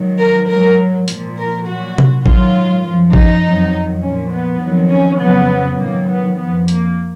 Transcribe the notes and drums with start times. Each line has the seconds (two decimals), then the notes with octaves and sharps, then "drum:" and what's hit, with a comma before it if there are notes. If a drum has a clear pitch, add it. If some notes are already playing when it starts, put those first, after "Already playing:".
Already playing: G#2 D#3 F#3
0.19 A#4
0.49 G#2 F#3 A#4
1.08 A#2 F3, drum: hi-hat
1.38 A#4
1.66 A#2 F#3 F#4
1.98 drum: tom C3
2.26 G#2 D#3 F#3 F4, drum: kick A1
2.85 F#2 F3
3.13 D#4, drum: kick A1
3.44 F2 D#3 F#3
4.03 A#2 F3 C#4
4.31 B3
4.61 F2 D#3 F#3
4.91 C#4
5.20 F2 C#3 F#3 B3
5.79 G#2 D#3 F#3 A#3
6.08 B3
6.38 F2 F3 B3
6.68 A#3, drum: hi-hat